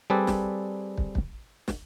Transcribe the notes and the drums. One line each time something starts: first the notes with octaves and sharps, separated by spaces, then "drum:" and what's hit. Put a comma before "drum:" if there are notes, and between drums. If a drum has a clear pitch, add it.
G3 C4 G#4 A4 B4 D5
drum: snare
drum: kick
drum: kick
drum: snare